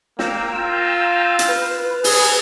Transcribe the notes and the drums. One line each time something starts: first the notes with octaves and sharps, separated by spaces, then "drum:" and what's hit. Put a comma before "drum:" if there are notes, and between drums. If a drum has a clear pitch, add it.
A#3 G5 A#5 E6, drum: snare
F4
drum: hi-hat
B4
G#4, drum: open hi-hat